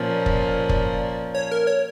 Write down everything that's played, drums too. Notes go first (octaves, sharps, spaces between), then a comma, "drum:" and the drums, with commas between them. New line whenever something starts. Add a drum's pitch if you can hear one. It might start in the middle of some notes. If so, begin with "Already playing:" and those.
Already playing: A#2 F3 A#3 C#4 D5
drum: kick
drum: kick
C#5
A#4
C#5